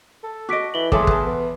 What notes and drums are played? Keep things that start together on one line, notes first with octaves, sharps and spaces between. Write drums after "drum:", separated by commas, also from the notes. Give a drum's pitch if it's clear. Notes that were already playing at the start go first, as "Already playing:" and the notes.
A4
F#4 D#5 D6 B6 D7
E3 F#7 G7
E2 G#4 A4 C#5 E5 A5 C6 D6, drum: kick
B4 A5, drum: kick
B3